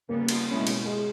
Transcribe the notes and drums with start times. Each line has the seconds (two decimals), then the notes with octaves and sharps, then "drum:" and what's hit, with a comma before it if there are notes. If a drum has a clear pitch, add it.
0.09 C#3 G3 A#3 B3
0.29 drum: cymbal
0.48 B2 G#3 C#4 E4
0.67 drum: cymbal
0.86 G#3